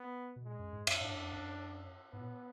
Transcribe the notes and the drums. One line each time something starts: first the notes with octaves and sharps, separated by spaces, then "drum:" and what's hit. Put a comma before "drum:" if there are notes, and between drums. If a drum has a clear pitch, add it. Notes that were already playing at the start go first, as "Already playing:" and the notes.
Already playing: B3
B2
A#2 G#3
F#2
G#2
F#2, drum: cymbal
G#2 D4
F#2
F2
F#2
G#2 B3
A#2